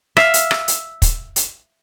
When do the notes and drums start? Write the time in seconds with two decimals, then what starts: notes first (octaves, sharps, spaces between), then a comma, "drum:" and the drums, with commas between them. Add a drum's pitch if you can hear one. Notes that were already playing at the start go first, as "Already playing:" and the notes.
0.17 E5 F5, drum: rim click
0.34 drum: hi-hat
0.51 drum: rim click
0.68 drum: hi-hat
1.02 drum: kick, hi-hat
1.36 drum: hi-hat